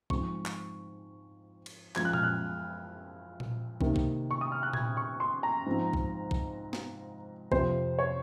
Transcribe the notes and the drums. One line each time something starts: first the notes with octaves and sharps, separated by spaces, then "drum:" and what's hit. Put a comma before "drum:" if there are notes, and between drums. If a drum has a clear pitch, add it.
G#2 F3 G#3 C4 C#6, drum: kick
drum: clap
drum: cymbal
F#2 F3 G#3 G#6, drum: clap
F#6
F6, drum: tom A#2
F#6
drum: tom A#2
C3 D#3 A#3, drum: kick
drum: kick
C#6
D#6
F6
F#6
G#6, drum: tom A#2
C#6
C6
A#5
G#2 F3 C4
drum: kick
drum: kick
drum: snare
F2 C3 F3 C5, drum: kick
C#5